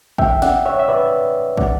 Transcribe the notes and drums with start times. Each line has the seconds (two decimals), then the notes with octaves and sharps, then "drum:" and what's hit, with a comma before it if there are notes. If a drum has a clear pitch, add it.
0.18 E5 G5, drum: kick
0.42 D5 F#5, drum: snare
0.66 C#5 E5
0.79 E5
0.88 B4 D5
1.57 D5 F#5, drum: kick